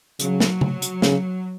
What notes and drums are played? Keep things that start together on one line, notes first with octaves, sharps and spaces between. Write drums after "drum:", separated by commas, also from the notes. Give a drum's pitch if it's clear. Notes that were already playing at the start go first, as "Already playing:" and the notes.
C#3 F#3, drum: hi-hat
drum: snare
drum: tom C#3
drum: hi-hat
C#3, drum: snare